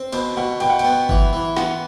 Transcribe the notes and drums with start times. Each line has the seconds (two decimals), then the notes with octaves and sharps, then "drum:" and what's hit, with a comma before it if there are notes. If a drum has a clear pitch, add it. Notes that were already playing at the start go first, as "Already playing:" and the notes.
Already playing: C4
0.13 B2 C5, drum: cymbal
0.37 B2 F#5
0.60 B2 G5, drum: cymbal
0.70 F#5
0.79 G5, drum: cymbal
0.84 B3
1.09 E3, drum: kick G1
1.33 E3
1.57 B3 F#5, drum: snare